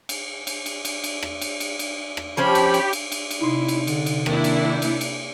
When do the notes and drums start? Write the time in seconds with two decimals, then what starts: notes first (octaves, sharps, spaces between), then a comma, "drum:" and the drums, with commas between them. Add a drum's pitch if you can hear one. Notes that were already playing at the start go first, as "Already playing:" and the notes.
0.09 drum: cymbal
0.47 drum: cymbal
0.66 drum: cymbal
0.85 drum: cymbal
1.04 drum: cymbal
1.23 drum: rim click
1.41 drum: cymbal
1.60 drum: cymbal
1.79 drum: cymbal
2.17 drum: rim click
2.37 F3 C#4 G4 C5 C#5 B5
2.55 drum: cymbal
2.74 drum: cymbal
2.93 drum: cymbal
3.12 drum: cymbal
3.31 drum: cymbal
3.41 C3 D#4 E4 C6
3.68 drum: cymbal
3.87 D3, drum: cymbal
4.06 drum: cymbal
4.26 D#3 A#3 D4 E4, drum: rim click
4.44 drum: cymbal
4.69 D6 G6
4.82 drum: cymbal
5.01 drum: cymbal